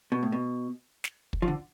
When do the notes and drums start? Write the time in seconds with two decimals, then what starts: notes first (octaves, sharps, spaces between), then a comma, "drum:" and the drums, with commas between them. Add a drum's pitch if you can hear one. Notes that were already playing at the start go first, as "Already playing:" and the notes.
0.12 B2
0.23 A2
0.32 B2
1.04 drum: snare
1.33 drum: kick
1.42 F3
1.48 D3